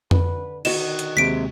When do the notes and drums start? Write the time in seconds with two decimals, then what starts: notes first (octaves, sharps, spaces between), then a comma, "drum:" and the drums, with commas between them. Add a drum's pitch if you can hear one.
0.11 D3 B4, drum: tom F2
0.65 B2 D3 D#3 F#4 D#5 E7, drum: cymbal
0.99 drum: hi-hat
1.17 D#2 C3 G#3 B6 D7